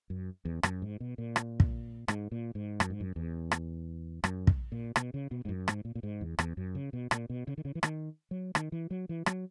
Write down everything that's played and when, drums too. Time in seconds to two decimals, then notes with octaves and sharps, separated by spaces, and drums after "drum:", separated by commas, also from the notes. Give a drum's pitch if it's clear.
0.10 F#2
0.45 E2
0.63 F#2, drum: rim click
0.82 G#2
1.00 B2
1.18 A#2
1.36 drum: rim click
1.60 drum: kick
2.08 G#2, drum: rim click
2.32 A#2
2.55 G#2
2.80 F#2, drum: rim click
2.90 G#2
3.00 F#2
3.16 E2
3.51 drum: rim click
4.24 F#2, drum: rim click
4.47 drum: kick
4.72 A#2
4.96 B2, drum: rim click
5.14 C#3
5.31 B2
5.45 G#2
5.49 F#2
5.68 G#2, drum: rim click
5.85 A#2
5.95 A#2
6.03 G#2
6.21 E2
6.39 E2, drum: rim click
6.57 F#2
6.75 C#3
6.93 B2
7.11 A#2, drum: rim click
7.30 B2
7.47 C#3
7.58 D#3
7.65 C#3
7.75 E3
7.83 D#3, drum: rim click
8.31 F#3
8.55 D#3, drum: rim click
8.72 E3
8.91 F#3
9.09 E3
9.26 F#3, drum: rim click